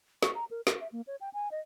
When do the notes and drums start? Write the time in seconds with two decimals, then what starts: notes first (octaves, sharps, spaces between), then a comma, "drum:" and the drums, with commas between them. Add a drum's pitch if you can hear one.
0.23 C#6, drum: snare
0.35 A#5
0.51 A#4
0.67 A#4, drum: snare
0.80 E5
0.92 A#3
1.07 C#5
1.21 G5
1.34 G#5
1.52 D#5